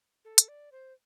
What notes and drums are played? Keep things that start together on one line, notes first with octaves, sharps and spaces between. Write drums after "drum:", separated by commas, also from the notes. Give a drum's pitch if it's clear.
A4
drum: hi-hat
D5
C5